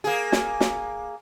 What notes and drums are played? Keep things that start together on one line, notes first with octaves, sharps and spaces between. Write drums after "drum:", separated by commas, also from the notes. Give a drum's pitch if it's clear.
A#3 G#4
drum: snare
drum: snare